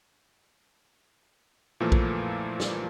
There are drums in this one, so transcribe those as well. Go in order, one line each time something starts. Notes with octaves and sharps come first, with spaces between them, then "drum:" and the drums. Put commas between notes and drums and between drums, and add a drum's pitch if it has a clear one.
A#2 E3 F3 A3 A#3
drum: kick A#1
drum: snare